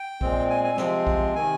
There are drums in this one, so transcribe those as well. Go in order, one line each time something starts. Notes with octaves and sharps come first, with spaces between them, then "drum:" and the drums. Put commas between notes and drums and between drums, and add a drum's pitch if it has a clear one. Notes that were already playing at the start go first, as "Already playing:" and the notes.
Already playing: G5
A#2 G#3 C4, drum: kick A#1
G#5
G#5
C3 F3 G#3 C4, drum: snare
drum: kick A#1
C3 D#3 G#5